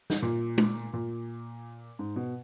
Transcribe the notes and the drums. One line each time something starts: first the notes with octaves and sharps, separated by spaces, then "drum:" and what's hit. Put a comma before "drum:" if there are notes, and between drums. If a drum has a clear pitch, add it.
drum: snare
A#2
drum: tom G#3
A#2
G#2
B2